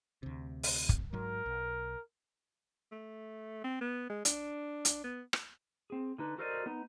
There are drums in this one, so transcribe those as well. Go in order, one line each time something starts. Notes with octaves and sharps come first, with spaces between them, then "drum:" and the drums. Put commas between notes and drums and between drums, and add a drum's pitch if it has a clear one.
D2 C3
drum: open hi-hat
drum: kick
G#2 F#3 A#4
B1
A3
C4
B3
G#3
D4, drum: hi-hat
drum: hi-hat
B3
drum: rim click
C4 G#4
D3 D#4 B4
F#4 A4 A#4 C5 D5 D#5
B3 D#4